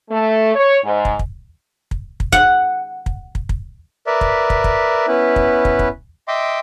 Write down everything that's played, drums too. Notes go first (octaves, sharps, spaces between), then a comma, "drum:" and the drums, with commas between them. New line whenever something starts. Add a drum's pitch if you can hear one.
A3
C#5
G#2
drum: kick
drum: kick
drum: kick
drum: kick
F#5, drum: kick
drum: kick
drum: kick
drum: kick
A#4 B4 D5 E5
drum: kick
drum: kick
drum: kick
B3 C#4 E4 B4
drum: kick
drum: kick
drum: kick
D#5 E5 G5 C6 D6